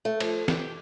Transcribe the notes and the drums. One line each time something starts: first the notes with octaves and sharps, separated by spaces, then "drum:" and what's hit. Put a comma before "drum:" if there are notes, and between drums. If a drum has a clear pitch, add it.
A3
F3, drum: cymbal
G4, drum: snare